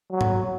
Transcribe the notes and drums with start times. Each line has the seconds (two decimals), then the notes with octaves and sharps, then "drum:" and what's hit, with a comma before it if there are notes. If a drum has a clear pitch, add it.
0.11 F#3
0.21 drum: tom G#2